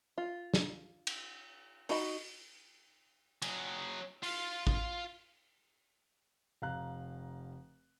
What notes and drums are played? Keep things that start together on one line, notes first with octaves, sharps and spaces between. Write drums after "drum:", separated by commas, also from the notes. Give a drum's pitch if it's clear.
F4
drum: snare
drum: cymbal
D#4 F#4 D#5 B5, drum: open hi-hat
F#3 G#4, drum: cymbal
F4 F5, drum: open hi-hat
drum: kick A1
F1 F5 A#5 F#6